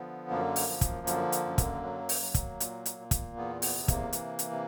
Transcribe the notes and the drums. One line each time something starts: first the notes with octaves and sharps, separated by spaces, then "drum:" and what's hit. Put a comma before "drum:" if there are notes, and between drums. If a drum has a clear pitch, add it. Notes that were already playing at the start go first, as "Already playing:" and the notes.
Already playing: D3 F3 B3
F#2 A#3
drum: open hi-hat
F3
drum: kick, hi-hat
D3, drum: hi-hat
drum: hi-hat
F#2
drum: kick, hi-hat
F#3
drum: open hi-hat
F#3
drum: kick, hi-hat
A#2, drum: hi-hat
drum: hi-hat
A#2
drum: kick, hi-hat
E2 B3
B3, drum: open hi-hat
C3
A#3, drum: kick, hi-hat
E3, drum: hi-hat
drum: hi-hat
C3